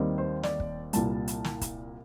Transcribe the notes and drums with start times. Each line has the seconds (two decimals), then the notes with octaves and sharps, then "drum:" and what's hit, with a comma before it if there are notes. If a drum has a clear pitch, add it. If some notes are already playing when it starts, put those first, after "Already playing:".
Already playing: D#2 D#3 G3 C4
0.18 C5
0.43 D5, drum: snare
0.60 drum: kick
0.93 C2 A#2 G3 A5, drum: hi-hat
1.28 drum: hi-hat
1.44 drum: snare
1.61 drum: kick, hi-hat